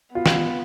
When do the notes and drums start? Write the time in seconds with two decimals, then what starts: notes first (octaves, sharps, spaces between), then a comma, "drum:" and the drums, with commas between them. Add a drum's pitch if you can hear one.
0.15 B3 F4
0.26 drum: snare